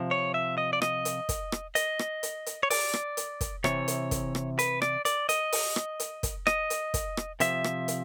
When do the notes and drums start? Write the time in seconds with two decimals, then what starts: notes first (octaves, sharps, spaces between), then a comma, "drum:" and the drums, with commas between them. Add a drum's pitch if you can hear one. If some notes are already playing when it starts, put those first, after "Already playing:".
Already playing: C3 F3
0.11 C#5
0.34 E5
0.58 D#5
0.73 D5
0.82 D#5, drum: rim click
1.05 drum: hi-hat
1.29 drum: kick, hi-hat
1.52 drum: rim click
1.75 D#5, drum: hi-hat
1.99 drum: rim click
2.23 drum: hi-hat
2.46 drum: hi-hat
2.63 C#5
2.70 D5, drum: open hi-hat
2.94 drum: rim click
3.17 drum: hi-hat
3.41 drum: kick, hi-hat
3.64 C3 E3 C#5, drum: rim click
3.88 drum: hi-hat
4.11 drum: kick, hi-hat
4.35 drum: rim click
4.59 B4, drum: hi-hat
4.82 D5, drum: rim click
5.05 D5, drum: hi-hat
5.29 D#5, drum: hi-hat
5.52 drum: open hi-hat
5.76 drum: rim click
6.00 drum: hi-hat
6.23 drum: kick, hi-hat
6.47 D#5, drum: rim click
6.70 drum: hi-hat
6.94 drum: kick, hi-hat
7.17 drum: rim click
7.40 C3 F3 E5, drum: hi-hat
7.64 drum: rim click
7.88 drum: hi-hat